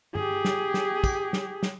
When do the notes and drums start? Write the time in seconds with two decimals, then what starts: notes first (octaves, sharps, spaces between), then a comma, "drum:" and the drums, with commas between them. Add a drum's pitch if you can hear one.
0.15 G4 G#4, drum: tom G2
0.45 drum: snare
0.74 drum: snare
1.04 drum: kick, tambourine
1.33 drum: snare
1.63 drum: snare